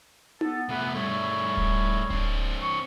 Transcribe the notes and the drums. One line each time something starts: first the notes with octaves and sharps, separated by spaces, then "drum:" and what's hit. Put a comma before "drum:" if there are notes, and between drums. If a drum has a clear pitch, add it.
B3 A4, drum: tom D#4
C3 A3 B3
G2 G3 A3 C#5
drum: kick D1
C4 D4, drum: kick D1
C#6